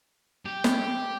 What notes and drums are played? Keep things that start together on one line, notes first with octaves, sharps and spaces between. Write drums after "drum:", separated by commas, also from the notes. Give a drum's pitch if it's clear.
G4
drum: snare